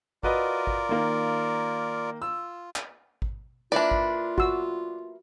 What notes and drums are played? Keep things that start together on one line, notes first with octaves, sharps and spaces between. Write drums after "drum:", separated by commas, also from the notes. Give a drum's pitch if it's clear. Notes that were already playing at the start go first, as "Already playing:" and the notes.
F4 F#4 A#4 B4 D5 D#5, drum: kick G#1
drum: kick G#1
D#3 A#3
F4 E6
drum: clap
drum: kick G#1
A#3 D4 E4 F4 B4 D5
drum: kick G#1
F#4 E6, drum: kick G#1